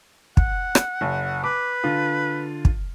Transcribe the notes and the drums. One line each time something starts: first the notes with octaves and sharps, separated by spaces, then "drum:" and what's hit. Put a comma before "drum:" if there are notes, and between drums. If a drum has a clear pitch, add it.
F#5, drum: kick
drum: rim click
F#1
B4 D6
D3 F4
drum: kick